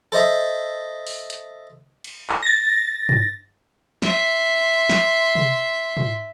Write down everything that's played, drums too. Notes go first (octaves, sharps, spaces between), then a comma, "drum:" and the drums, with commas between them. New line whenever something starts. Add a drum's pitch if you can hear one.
A4 C5 D#5 E5
drum: open hi-hat
drum: hi-hat
drum: cymbal
drum: clap
A6 A#6
drum: tom
E5 C6, drum: snare
drum: snare
drum: tom
drum: tom